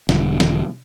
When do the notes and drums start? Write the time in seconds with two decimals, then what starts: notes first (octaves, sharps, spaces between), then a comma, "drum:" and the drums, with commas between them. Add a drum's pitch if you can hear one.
0.09 E1 D3 G3, drum: snare
0.40 drum: snare